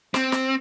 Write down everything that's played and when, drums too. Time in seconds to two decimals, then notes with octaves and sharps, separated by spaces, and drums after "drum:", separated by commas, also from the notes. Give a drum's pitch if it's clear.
0.14 C4, drum: snare
0.32 drum: snare